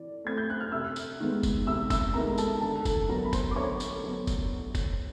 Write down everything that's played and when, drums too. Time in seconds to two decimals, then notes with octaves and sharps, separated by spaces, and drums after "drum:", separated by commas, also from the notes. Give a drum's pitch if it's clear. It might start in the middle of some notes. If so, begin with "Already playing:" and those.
Already playing: E3 D5
0.24 A3 C4 G#6
0.37 G6
0.50 F#6
0.60 F6
0.72 C3 E5 E6
0.96 drum: tambourine
1.20 D#3 G#3 B3
1.43 drum: kick F1, tambourine
1.66 C3 E5 E6
1.90 E5 E6, drum: kick F1, tambourine
2.14 D#3 G#3 B3 A#4 A#5
2.38 A4 A5, drum: tambourine
2.61 D3 A4 A5
2.85 A4 A5, drum: kick F1, tambourine
3.09 F#3 B3 A#4 A#5
3.24 B5
3.33 C5 C6, drum: kick F1, tambourine
3.51 D6
3.56 D3 C#5 C#6
3.80 drum: tambourine
4.04 F#3 B3
4.27 drum: kick F1, tambourine
4.75 drum: kick F1, tambourine